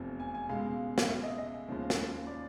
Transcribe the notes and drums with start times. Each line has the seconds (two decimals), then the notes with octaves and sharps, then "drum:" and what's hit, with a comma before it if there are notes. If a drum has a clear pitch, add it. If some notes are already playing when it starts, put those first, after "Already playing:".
Already playing: F1 E2 C3 F3
0.20 G#5
0.35 G#5
0.49 C#2 B2 G#3 F5
0.98 drum: snare
1.08 E5
1.23 D#5
1.38 D#5
1.68 D#2 C#3 F3 G#3
1.90 drum: snare
2.27 D5